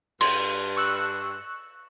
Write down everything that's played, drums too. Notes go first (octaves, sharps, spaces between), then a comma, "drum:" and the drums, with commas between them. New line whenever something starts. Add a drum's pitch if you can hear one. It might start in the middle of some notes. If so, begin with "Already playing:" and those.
G2 C6, drum: cymbal
C#6 E6 F#6